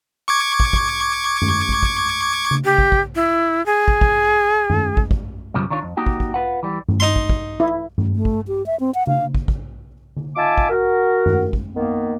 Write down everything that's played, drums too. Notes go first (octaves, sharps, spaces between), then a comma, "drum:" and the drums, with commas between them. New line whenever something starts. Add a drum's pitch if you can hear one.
C#6 D6 G#6
drum: kick
drum: kick
drum: tom F#2
drum: kick
drum: kick
drum: tom C#3
G4
drum: kick
drum: kick
E4
G#4
drum: kick
drum: kick
drum: tom F#2
drum: kick
drum: kick
B1 F#2 C#3 F3 G3
D#3 D4 F4 C#5
F2
A#3 D#4 F#4 G4
drum: kick
drum: kick
F4 B4 F#5
E3 G3
drum: tom G2
D#4 C6
drum: kick
drum: kick
E4
drum: tom G2
A3
drum: kick
G4
E5
C4
F#5
F5, drum: tom C#3
drum: kick
drum: kick
drum: tom D3
D#4 F4 E5 G#5 A5 D6
drum: kick
F#4 A#4
drum: tom F#2
drum: kick
D#3 A#3 B3